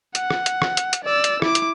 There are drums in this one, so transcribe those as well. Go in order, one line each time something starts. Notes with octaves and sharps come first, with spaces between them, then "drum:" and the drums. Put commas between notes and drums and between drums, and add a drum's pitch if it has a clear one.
F#5, drum: hi-hat
drum: rim click
drum: hi-hat
drum: rim click
drum: hi-hat
drum: hi-hat
D5 E6
drum: hi-hat
E4 D6, drum: rim click
drum: hi-hat